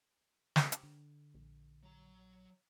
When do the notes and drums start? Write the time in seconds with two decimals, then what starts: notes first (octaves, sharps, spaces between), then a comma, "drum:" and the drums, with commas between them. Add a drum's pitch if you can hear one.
0.56 drum: snare
0.72 drum: hi-hat
0.83 D3
1.34 A#1
1.83 F#3 A#5